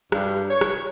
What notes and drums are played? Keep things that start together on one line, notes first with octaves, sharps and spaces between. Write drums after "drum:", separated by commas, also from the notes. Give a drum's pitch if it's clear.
G2, drum: rim click
C#5
drum: rim click